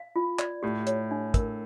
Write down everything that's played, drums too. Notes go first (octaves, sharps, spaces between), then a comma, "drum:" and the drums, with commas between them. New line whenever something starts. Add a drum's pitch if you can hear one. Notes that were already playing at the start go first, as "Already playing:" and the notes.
Already playing: F5
F4
D5, drum: clap
A2 G4
C#5, drum: hi-hat
D4
A#4, drum: kick, hi-hat